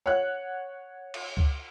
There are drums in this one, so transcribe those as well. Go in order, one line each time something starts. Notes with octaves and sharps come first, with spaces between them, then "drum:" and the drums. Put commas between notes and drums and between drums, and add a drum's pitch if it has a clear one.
C#5 F#5 F#6
drum: cymbal
drum: kick C#2